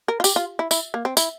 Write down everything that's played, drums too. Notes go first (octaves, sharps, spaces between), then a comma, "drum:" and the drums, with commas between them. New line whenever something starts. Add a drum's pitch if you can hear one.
A#4
F4
G4, drum: tambourine
F4
E4
E4, drum: tambourine
A#3
C4
E4, drum: tambourine